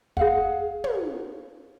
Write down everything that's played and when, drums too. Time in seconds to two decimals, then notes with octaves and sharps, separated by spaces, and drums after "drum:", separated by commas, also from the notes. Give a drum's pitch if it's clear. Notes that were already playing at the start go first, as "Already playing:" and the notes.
0.17 G#4 F5 F#5, drum: kick
0.84 drum: tom